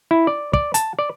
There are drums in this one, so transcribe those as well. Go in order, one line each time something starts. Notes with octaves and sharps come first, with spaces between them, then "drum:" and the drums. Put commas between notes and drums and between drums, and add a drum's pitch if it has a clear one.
E4
D5
D5, drum: kick
A5, drum: hi-hat
D5